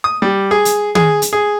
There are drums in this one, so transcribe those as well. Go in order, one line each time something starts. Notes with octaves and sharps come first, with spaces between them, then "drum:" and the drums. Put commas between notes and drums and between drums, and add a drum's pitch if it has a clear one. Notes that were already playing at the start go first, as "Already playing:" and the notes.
D#6
G3
G#4
drum: hi-hat
G#4, drum: tom
drum: hi-hat
G#4